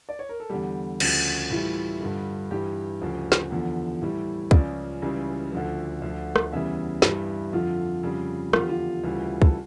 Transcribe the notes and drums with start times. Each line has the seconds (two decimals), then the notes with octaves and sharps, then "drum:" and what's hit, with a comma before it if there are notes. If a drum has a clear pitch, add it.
0.09 D5
0.19 C#5
0.29 A#4
0.40 A4
0.49 E2 D3 G3 G4
1.00 D2 C#3 F3, drum: cymbal
1.50 A2 E3 G3 F4
2.01 G2 D3 G3
2.51 G2 E3 G3 G4
3.01 D2 C#3 F3
3.32 drum: snare
3.51 E2 D3 F3
4.02 A2 E3 G3
4.51 C#2 C#3 F3 D5, drum: kick
5.02 C#2 C#3 E3 G3
5.52 D2 D3 F3
6.02 D2 D3 F3
6.36 drum: rim click
6.52 E2 C#3 E3 G3 E5
7.02 G2 E3 G3, drum: snare
7.53 F2 D3 F3 F4
8.03 F2 C#3 G3
8.53 E2 D3 F3 F4, drum: rim click
8.62 G4
8.69 F4
9.03 D2 C#3 E3 G3
9.42 A4, drum: kick